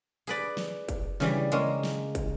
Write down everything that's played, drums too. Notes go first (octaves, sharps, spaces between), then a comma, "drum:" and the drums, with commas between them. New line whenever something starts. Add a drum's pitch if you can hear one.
G#4 B4 D5, drum: open hi-hat
drum: snare
drum: kick, hi-hat
C#3 E3 G3, drum: snare
G#3 A#3 C#4, drum: hi-hat
drum: snare
drum: kick, hi-hat